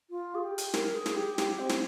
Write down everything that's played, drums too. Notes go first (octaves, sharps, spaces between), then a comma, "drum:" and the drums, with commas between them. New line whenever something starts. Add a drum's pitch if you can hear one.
F4
G#4
G4
drum: hi-hat
A#4, drum: snare
G#4
drum: snare
G4
G4, drum: snare
C4
drum: snare